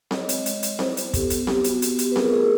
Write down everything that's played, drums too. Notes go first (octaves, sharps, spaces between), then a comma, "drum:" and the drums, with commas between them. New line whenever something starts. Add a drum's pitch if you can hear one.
C4 C#5 D#5, drum: snare C4
G#3, drum: hi-hat
G#3, drum: hi-hat
C4, drum: hi-hat
E4 C5 D5, drum: snare C4
B3, drum: hi-hat
B3 G4 A4, drum: kick, hi-hat
B3, drum: hi-hat
B3 G4, drum: snare C4
B3 F#4, drum: hi-hat
B3, drum: hi-hat
B3 G4, drum: hi-hat
B4
F4 G#4 A#4, drum: snare C4
A3 G#4 A#4